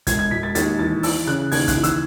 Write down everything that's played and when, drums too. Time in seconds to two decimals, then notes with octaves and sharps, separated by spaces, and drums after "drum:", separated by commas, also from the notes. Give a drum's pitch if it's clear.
0.07 E1 G#6, drum: kick, hi-hat
0.19 G#6
0.31 E1 B6
0.43 A6
0.55 D#2 A6, drum: hi-hat
0.79 E3 A6
1.03 E3 E6, drum: open hi-hat
1.27 C#3 F#6
1.52 D#2 G#6, drum: open hi-hat
1.68 F#6, drum: kick, hi-hat
1.76 E3
1.84 E6, drum: hi-hat